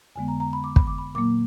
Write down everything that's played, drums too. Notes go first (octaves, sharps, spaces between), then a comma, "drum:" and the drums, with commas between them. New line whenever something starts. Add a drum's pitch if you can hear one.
F2 D3 G#3 B3 G#5
A#5
A#5
B5
D6
B5, drum: kick
D6
B5
A#2 F#3 A#3 D6